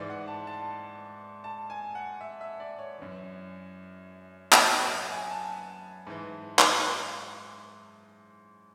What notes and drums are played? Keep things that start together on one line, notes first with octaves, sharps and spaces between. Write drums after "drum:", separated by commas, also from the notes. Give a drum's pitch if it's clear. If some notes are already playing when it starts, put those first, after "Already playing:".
Already playing: G#2 E3 D5
F#5
A5
A5
A5
G#5
F#5
E5
E5
D5
C#5
F#2 E3
C#5, drum: clap
B4
E5
F#5
G#5
A5
G#2 E3
drum: clap